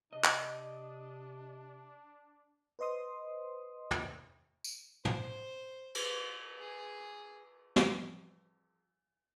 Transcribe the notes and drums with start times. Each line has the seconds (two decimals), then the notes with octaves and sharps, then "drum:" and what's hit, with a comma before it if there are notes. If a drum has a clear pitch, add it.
0.13 C3 D4 D#5
0.24 drum: clap
2.79 B4 C5 D#5 C6 D#6
3.91 drum: tom
4.64 drum: tambourine
5.05 C5, drum: tom
5.95 drum: cymbal
6.59 G#4
7.76 E3 F3 G3 C4, drum: snare